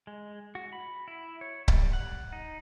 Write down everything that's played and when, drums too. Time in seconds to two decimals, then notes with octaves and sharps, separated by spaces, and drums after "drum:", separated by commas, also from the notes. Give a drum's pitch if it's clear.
0.07 G#3
0.55 F#4
0.73 B5
1.08 E4
1.41 C#5
1.68 G3, drum: kick C#1
1.93 F#5
2.33 D#4